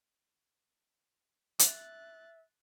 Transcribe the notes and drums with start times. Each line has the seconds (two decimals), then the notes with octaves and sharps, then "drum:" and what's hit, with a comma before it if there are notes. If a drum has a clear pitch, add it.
1.59 E5 F#6 A6, drum: hi-hat